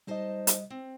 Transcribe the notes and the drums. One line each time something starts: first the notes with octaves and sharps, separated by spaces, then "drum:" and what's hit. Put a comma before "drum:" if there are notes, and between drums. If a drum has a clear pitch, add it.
G3 D#4 C5 D#5 A5
drum: hi-hat
C4